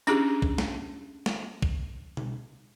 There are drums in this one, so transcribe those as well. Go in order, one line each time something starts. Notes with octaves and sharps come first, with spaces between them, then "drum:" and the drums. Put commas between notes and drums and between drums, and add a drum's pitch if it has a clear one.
C#4 D4 E4 G4 G#4, drum: tambourine
drum: kick
drum: snare
drum: snare
drum: kick
drum: tom B2